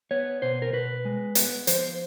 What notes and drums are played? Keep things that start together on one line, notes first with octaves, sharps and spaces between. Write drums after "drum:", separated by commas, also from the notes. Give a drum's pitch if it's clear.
B3 C#5
B2 C5
A#4
B2 B4
G#3
B3, drum: hi-hat
F3 C5, drum: hi-hat